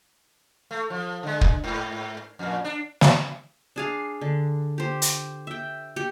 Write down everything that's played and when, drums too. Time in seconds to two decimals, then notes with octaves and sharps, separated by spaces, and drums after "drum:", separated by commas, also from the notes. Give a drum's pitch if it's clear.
0.71 A3
0.90 F3
1.23 D3 G#3
1.41 drum: kick
1.64 G#2
2.39 F2 A#2
2.64 D4
3.01 drum: snare
3.76 D4 G#4 F5
4.21 D3
4.78 G4 C5
5.02 drum: hi-hat
5.47 E5 G5
5.96 G4